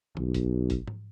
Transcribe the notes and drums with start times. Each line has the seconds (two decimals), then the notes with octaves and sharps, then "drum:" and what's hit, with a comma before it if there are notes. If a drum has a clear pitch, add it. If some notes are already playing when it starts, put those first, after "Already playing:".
0.17 B1, drum: tom
0.34 drum: kick, hi-hat
0.70 drum: kick, hi-hat
0.88 drum: tom G#2